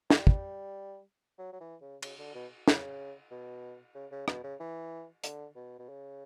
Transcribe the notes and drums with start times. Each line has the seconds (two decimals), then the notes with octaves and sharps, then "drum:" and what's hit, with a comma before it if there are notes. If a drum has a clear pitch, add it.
0.10 G3, drum: snare
0.27 drum: kick
1.39 F#3
1.53 F#3
1.61 E3
1.81 C#3
2.02 C#3, drum: cymbal
2.19 D3
2.35 B2
2.68 C#3, drum: snare
3.31 B2
3.95 C#3
4.11 C#3
4.28 B2, drum: rim click
4.44 C#3
4.60 E3
5.24 D3, drum: hi-hat
5.56 B2
5.79 B2
5.89 C#3